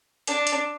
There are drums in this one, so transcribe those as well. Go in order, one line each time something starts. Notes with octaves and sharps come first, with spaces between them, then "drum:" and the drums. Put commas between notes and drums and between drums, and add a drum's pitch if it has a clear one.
D4, drum: hi-hat
drum: hi-hat